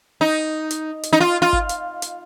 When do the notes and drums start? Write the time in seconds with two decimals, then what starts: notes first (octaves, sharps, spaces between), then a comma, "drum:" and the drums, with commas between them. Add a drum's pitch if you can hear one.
0.21 D#4
0.71 drum: hi-hat
1.03 drum: hi-hat
1.13 D#4
1.20 F4
1.42 F4
1.53 drum: kick G1
1.69 drum: hi-hat
2.02 drum: hi-hat